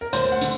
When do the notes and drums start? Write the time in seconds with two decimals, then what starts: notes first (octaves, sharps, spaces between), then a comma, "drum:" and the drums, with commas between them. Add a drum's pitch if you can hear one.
0.01 A#4
0.13 D2 C5, drum: hi-hat
0.32 F#5
0.41 D3, drum: hi-hat